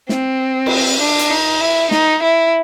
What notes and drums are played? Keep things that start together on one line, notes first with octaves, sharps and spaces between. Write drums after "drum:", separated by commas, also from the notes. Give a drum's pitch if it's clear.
C4, drum: snare
drum: cymbal
D4
drum: hi-hat
D#4
E4
D#4, drum: snare
E4